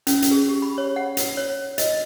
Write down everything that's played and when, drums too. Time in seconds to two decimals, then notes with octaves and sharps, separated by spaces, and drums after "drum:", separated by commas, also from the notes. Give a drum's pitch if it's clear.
0.07 C#4, drum: hi-hat
0.22 drum: hi-hat
0.31 G#4
0.49 G4
0.62 B5
0.78 C#5
0.96 F#5
1.17 drum: hi-hat
1.37 C#5
1.78 D#5, drum: hi-hat